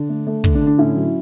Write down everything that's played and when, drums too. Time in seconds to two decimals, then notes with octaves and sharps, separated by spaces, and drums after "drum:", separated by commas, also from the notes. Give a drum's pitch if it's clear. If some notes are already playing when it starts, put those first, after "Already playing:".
Already playing: D3 D4
0.09 A3
0.27 A3
0.44 D3 D4, drum: kick
0.55 D4
0.61 D3
0.67 D4
0.78 A2 C#4 E4
0.95 F#3